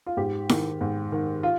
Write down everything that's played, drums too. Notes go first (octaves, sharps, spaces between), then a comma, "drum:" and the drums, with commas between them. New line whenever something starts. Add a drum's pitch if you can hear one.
F4
G#2 G4
D#3, drum: snare E4
G#2
D#3
F4